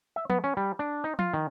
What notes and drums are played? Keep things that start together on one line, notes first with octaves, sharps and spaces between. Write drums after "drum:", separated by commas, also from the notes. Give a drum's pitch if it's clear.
E5
B3, drum: tom F3
C#4
G3
D4
D#4
F4, drum: tom F3
D#3